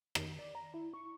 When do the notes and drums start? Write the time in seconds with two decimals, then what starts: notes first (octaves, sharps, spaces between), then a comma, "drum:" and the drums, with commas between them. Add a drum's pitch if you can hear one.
0.15 D#3, drum: rim click
0.39 D5
0.55 A#5
0.74 E4
0.94 C#6